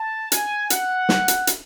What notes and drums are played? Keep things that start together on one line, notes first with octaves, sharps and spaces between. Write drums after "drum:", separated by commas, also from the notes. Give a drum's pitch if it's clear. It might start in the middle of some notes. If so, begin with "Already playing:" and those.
Already playing: A5
G#5, drum: hi-hat
F#5, drum: hi-hat
drum: snare
drum: hi-hat
drum: hi-hat